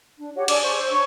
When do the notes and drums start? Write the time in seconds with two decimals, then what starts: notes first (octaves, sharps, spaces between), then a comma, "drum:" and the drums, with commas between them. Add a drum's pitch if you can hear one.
0.19 D4
0.36 F#4 G4 C#5 F#5
0.48 D4 G#4 D5 D6, drum: cymbal
0.63 G#4 C5 C#6
0.75 C5 E6
0.90 D4 C#5 C#6